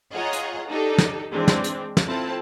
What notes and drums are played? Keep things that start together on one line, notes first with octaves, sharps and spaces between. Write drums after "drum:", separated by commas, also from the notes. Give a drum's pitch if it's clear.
F4 G#4 C#5 D#5 F#5 A#5
drum: hi-hat
D4 D#4 G4 A4
drum: snare
E3 G#3 C4 D4
drum: snare
drum: hi-hat
drum: snare
C4 E4 F4 A4 A5